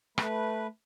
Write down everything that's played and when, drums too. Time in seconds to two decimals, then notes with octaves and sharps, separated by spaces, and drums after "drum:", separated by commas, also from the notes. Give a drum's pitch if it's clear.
0.18 A3 B4, drum: rim click